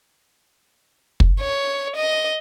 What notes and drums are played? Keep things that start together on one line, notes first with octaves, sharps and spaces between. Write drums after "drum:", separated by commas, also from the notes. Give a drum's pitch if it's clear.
drum: kick
C#5
D#5